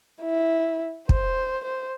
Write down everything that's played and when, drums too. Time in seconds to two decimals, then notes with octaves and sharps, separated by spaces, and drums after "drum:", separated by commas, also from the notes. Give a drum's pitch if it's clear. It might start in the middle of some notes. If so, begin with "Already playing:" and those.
0.22 E4
1.09 C5, drum: kick
1.65 C5